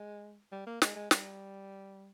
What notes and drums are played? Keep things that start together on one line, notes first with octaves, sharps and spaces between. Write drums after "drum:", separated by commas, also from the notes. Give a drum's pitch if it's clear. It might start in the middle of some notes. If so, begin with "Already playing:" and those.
Already playing: G#3
G3
A#3
G#3, drum: snare
G#3
G3, drum: snare